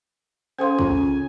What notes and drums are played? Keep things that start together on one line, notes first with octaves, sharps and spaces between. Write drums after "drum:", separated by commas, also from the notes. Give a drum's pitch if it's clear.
C#4 A4 C5 F5 G#5 C6 D#6
C#3 F4 A#5, drum: kick